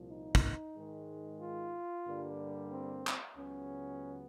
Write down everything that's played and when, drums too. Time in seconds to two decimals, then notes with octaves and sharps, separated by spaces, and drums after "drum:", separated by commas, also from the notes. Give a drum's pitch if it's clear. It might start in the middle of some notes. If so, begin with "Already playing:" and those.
Already playing: C2 A#2 F3
0.10 D#4
0.35 drum: kick
0.75 G#2 D#3 G#3
1.41 F4
2.06 G2 D3 G3 A#3
2.71 C4
3.07 drum: clap
3.37 C#2 C#3 F#3 B3 C#4